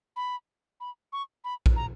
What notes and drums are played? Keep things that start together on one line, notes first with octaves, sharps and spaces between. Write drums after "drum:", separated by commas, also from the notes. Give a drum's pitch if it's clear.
B5
B5
C#6
B5
drum: kick A#1
A#5